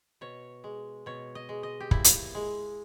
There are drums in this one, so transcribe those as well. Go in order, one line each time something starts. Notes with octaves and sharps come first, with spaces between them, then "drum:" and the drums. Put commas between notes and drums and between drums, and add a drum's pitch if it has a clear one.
B2 C#5
G#3
B2 C#5
D#5
G#3
D#5
G4
A#2 E4, drum: kick
drum: hi-hat
G#3